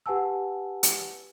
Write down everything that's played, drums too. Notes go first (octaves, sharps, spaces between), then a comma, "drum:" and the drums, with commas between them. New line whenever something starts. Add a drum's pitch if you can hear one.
G4 B4 F#5 G#5 A5 E6
drum: hi-hat